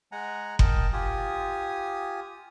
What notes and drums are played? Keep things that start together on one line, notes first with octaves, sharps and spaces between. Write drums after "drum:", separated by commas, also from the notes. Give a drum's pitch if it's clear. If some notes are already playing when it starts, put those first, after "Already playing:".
G#3 F#5 G#5 A#5
A#4 D#5 G5 A5, drum: kick F#1
F4 G4 G#5 D#6